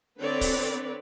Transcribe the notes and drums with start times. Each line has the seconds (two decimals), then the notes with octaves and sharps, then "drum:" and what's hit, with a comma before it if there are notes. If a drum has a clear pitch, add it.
0.18 D3 C4 B4 C#5 D5
0.41 drum: kick, open hi-hat